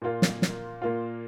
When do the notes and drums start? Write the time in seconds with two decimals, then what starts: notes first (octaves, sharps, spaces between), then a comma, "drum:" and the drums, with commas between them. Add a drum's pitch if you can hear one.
0.02 A#2 A#3 F4
0.22 drum: snare
0.42 drum: snare
0.82 A#2 A#3 F4